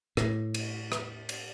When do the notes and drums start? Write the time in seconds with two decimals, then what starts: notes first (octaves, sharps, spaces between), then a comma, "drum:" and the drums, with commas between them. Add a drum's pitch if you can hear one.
0.17 A2, drum: rim click
0.54 drum: cymbal
0.92 drum: rim click
1.29 drum: cymbal